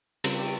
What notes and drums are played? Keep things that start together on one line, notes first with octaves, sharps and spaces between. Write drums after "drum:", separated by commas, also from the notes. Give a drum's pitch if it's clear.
C#3 G3 C4 F4 A#4, drum: cymbal
G4